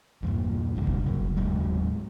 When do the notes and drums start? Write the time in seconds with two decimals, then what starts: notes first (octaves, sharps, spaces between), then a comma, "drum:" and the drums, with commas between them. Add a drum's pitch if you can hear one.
0.23 E2 G2 A#2
0.76 F1 C2 G2 D3
0.87 drum: kick F1
1.06 C#3 F#3
1.37 D#2 A2 F#3 G#3